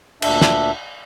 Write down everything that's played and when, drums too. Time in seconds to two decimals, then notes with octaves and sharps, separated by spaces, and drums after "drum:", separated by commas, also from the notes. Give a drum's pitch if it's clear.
0.22 D2 A#2 D4 E5, drum: cymbal
0.41 drum: snare